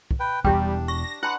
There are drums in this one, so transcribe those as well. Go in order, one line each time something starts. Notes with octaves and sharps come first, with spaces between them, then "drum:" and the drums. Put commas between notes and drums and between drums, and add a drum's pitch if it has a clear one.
drum: kick
B4 G5
E1 E2 G3 D4 E4 G4 G5, drum: kick
C#6 A#6
D4 E4 B4 F#5 A5 C6